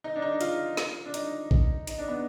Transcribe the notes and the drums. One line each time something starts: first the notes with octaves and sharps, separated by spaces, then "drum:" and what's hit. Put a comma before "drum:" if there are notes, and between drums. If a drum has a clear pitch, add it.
D#4
D4
D#4
F4, drum: hi-hat
drum: snare
D4
D#4, drum: hi-hat
drum: kick A1
D#4, drum: hi-hat
D4
B3